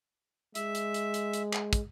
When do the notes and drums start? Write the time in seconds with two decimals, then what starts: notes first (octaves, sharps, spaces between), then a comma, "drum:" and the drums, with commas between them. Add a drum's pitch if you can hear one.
0.55 G#3 E5, drum: hi-hat
0.75 drum: hi-hat
0.94 drum: hi-hat
1.14 drum: hi-hat
1.34 drum: hi-hat
1.53 drum: clap
1.73 drum: kick, hi-hat